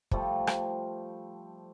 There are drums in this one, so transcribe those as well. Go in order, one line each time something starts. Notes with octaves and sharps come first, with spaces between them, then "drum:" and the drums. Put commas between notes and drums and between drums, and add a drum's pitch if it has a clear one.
F3 G3 A3, drum: kick
drum: rim click